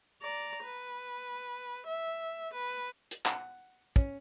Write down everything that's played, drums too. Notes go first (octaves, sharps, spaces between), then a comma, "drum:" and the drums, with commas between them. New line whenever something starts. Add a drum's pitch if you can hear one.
D5 A#5
B4
E5
B4
drum: hi-hat
F#5, drum: clap
C#4, drum: kick